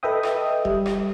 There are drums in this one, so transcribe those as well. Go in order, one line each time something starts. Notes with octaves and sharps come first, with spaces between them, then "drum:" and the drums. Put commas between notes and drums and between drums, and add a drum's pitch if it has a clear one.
A4 B4 D#5 E5 G5 D#6
drum: rim click
G3, drum: kick E1
drum: rim click